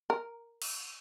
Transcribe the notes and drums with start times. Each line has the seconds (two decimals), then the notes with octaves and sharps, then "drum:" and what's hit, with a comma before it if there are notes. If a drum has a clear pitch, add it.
0.10 A#4
0.62 drum: cymbal